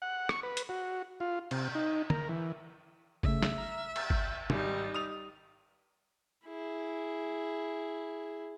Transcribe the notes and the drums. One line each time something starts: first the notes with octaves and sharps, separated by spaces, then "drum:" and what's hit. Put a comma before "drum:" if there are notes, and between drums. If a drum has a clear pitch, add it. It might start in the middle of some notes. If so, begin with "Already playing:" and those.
F#5
C#6, drum: rim click
B4
drum: hi-hat
F#4
F4
C3, drum: cymbal
D#4
A#4, drum: tom
E3
C#3 A3 E5, drum: kick G1
drum: snare
A#5 F6
E6 A6, drum: cymbal
drum: kick G1
G#1 G3 D#4, drum: tom
D#6 F7
E4 G#4